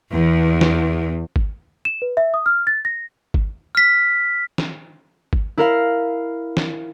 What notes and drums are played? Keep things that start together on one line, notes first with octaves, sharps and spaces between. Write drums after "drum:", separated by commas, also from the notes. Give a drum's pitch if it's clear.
E2
drum: snare
drum: kick G#1
E7
B4
E5
D#6
F6
A6
A#6
drum: kick G#1
F6 B6
drum: snare
drum: kick G#1
E4 A#4 F5
drum: snare